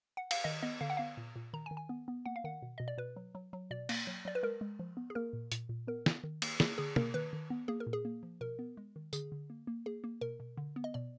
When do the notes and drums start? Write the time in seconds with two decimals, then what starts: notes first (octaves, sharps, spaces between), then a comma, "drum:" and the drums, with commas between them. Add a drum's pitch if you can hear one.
0.17 F#5
0.31 F5, drum: cymbal
0.44 D#3 D#5
0.63 B3 D#5
0.81 D3 F5
0.90 F#5
0.97 B3 F5
1.17 A#2
1.36 A#2
1.53 D#3 A#5
1.66 G#5
1.71 D#3
1.77 G#5
1.89 B3
2.08 B3
2.26 A#3 F#5
2.36 F5
2.44 D#3 F#5
2.62 B2
2.78 B2 D#5
2.88 D5
2.98 B2 B4
3.16 F#3
3.35 F#3
3.53 F#3
3.71 B2 D5
3.89 A#3, drum: cymbal
4.07 F#3
4.25 F#3 D5
4.35 B4
4.43 G#3 A#4
4.61 G#3
4.79 F3
4.97 B3
5.10 G#4
5.15 A#3 A#4
5.33 A#2
5.52 A#2, drum: hi-hat
5.69 A#2
5.87 B3 A#4
6.06 B3, drum: snare
6.24 D#3
6.42 A#3, drum: cymbal
6.60 A#3 G#4, drum: snare
6.78 D3 G#4
6.96 A#3 A#4, drum: tom
7.14 D#3 B4
7.33 D#3
7.50 B3
7.68 A#3 G#4
7.80 A#4
7.87 A#2
7.93 G#4
8.05 A#3
8.23 F3
8.41 B2 A#4
8.59 B3
8.77 G#3
8.96 D#3
9.13 D3 G#4, drum: tambourine
9.32 D3
9.50 A#3
9.67 A#3
9.86 A#3 G#4
10.04 A#3
10.21 B2 A#4
10.40 B2
10.57 D3
10.76 B3
10.84 D#5
10.94 B2 D5